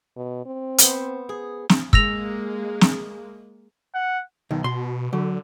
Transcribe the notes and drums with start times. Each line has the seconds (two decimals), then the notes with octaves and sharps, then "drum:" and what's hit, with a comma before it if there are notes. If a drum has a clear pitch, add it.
0.16 B2
0.46 C4
0.78 B3 C5 E5, drum: hi-hat
1.29 G#4
1.69 drum: snare
1.93 G#3 A#3 E6 A#6 F7, drum: kick
2.81 drum: snare
3.95 F#5
4.51 B1 D#3
4.64 B2 C6
5.13 D3 F#3